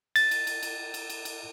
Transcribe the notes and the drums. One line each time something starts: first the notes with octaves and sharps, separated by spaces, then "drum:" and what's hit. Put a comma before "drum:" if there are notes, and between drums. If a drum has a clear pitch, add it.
A6, drum: cymbal
drum: cymbal
drum: cymbal
drum: cymbal
drum: cymbal
drum: cymbal
drum: cymbal